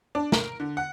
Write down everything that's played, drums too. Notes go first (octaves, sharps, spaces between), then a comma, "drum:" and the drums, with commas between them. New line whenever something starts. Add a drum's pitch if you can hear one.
D4
A#4, drum: snare
D3
F#5